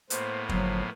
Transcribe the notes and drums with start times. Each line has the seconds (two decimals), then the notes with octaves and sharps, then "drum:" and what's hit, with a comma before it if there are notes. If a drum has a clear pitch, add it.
0.10 A2 A#3 B3 C5, drum: hi-hat
0.49 G1 F3 F#3, drum: kick